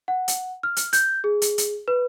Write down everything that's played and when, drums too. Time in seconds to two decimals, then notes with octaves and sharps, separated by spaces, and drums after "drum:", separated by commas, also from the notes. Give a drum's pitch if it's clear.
0.08 F#5
0.28 drum: hi-hat
0.63 F6
0.76 drum: hi-hat
0.93 G6, drum: hi-hat
1.24 G#4
1.42 drum: hi-hat
1.58 drum: hi-hat
1.88 B4